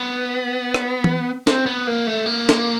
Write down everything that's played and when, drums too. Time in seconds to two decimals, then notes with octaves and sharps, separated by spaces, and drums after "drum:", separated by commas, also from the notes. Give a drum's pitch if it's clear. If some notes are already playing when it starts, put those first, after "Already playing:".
Already playing: B3
0.74 drum: rim click
1.04 drum: tom E3
1.47 C4, drum: snare
1.66 B3
1.87 A#3
2.07 A3
2.26 A#3
2.49 drum: snare